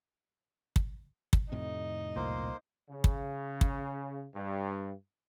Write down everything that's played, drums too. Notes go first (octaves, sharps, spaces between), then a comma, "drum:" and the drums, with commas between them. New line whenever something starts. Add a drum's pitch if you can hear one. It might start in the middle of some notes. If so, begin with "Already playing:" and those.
drum: kick
drum: kick
F2 A2 C3 D#4
C2 A#2 A#3 C5
C#3
drum: kick
drum: kick
G2